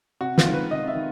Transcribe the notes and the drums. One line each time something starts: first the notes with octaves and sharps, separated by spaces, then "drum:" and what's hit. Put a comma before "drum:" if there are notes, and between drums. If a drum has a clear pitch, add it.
C3 F#4
F4, drum: snare
D#3 G#3
B4
C3 D#5
E5
D#3